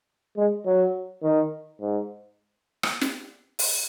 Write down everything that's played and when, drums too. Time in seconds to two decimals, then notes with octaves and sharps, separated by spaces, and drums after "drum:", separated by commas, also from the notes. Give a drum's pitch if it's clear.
0.37 G#3
0.66 F#3
1.23 D#3
1.80 G#2
2.83 drum: rim click
3.01 drum: snare
3.59 drum: open hi-hat